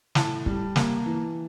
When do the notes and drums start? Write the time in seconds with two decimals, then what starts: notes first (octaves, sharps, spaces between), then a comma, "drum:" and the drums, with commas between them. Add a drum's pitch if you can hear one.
0.15 A2 A5, drum: snare
0.46 G3, drum: kick
0.76 A#3, drum: snare
1.06 E3